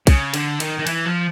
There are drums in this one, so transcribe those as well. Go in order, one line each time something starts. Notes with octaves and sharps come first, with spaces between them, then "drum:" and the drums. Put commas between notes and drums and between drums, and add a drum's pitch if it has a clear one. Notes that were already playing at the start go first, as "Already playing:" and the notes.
C#3, drum: kick B1, cymbal
D3, drum: cymbal
D#3, drum: cymbal
D#3
E3, drum: cymbal
F3